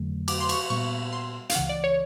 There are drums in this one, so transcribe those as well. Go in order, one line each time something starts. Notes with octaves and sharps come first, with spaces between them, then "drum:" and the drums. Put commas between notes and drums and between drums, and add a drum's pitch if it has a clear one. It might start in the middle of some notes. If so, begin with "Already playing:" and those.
Already playing: F2 D3 F#3 A3
D6, drum: cymbal
C6
C#6, drum: cymbal
A#2 G3 B3 C#6
C6
F5, drum: hi-hat
C#2 C#3 E3 F#5
D5
C#5